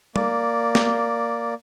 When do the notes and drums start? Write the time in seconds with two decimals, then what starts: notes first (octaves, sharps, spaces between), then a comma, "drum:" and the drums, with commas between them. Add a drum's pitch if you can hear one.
0.16 A#3 D5, drum: tom
0.75 drum: snare